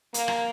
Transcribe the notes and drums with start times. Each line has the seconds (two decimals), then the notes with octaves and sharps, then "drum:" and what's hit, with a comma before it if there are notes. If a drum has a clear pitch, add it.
0.14 A#3, drum: hi-hat
0.28 drum: rim click